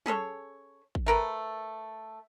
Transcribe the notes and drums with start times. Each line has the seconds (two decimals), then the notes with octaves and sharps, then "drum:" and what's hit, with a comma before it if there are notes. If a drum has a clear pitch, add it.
0.06 C#4 G#4 A4 C#5, drum: tom
0.95 drum: kick
1.06 A3 A#4 B4